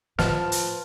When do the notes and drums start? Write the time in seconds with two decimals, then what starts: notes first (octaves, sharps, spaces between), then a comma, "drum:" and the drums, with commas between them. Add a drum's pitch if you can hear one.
0.19 A2 F3 B4 A5 F6, drum: snare
0.52 drum: hi-hat